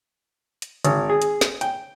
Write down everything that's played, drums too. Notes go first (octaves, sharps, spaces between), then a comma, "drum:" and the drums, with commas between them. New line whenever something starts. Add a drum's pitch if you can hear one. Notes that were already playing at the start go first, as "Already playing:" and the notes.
drum: hi-hat
G#1, drum: hi-hat
G#4
drum: hi-hat
drum: snare
G5, drum: hi-hat